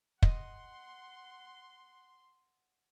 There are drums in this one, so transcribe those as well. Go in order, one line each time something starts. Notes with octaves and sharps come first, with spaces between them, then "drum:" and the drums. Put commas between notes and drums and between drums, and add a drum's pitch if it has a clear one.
D#5 F#5 C6, drum: kick